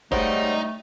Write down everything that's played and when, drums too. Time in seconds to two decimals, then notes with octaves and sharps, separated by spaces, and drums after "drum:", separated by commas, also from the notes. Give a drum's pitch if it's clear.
0.12 G#2 G3 A3 D#4 C5 C#5 F#5, drum: kick